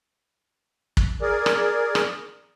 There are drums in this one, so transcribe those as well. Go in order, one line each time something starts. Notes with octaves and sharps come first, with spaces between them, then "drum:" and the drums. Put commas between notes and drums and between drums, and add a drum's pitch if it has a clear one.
drum: kick
G#4 A#4 D5
drum: rim click
drum: rim click